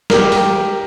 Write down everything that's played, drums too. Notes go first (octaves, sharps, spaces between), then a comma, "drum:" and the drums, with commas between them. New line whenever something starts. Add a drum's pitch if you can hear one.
G4 A#4, drum: snare
drum: open hi-hat